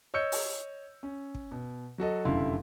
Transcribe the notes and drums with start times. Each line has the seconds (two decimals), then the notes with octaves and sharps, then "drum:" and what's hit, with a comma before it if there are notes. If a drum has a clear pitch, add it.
0.14 C#5 D#5 E6 G6 C#7
0.32 drum: open hi-hat
1.03 C#4
1.35 drum: kick
1.51 B2
1.98 F#3 F#4 A4 D#5
2.25 F1 F#2 D3 E4 F5 C6